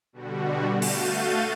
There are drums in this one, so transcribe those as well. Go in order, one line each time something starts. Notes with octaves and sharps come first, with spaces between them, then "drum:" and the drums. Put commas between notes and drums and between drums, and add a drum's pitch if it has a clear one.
B2 D3 G3 F#4
A3 F#4 F5 G6 A6 D#7, drum: open hi-hat